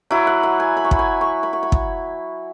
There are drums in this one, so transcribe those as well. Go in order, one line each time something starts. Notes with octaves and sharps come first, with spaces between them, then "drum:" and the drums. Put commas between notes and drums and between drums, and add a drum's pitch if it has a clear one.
F#3 E4 B5
F#5
F#5
G#5
B5
C#6
B5, drum: kick
G#5
C#6
B5
C#6
B5
drum: kick